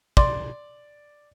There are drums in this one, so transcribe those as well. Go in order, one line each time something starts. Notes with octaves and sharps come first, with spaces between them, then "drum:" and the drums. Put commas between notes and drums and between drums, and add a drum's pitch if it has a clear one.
D5 C6, drum: kick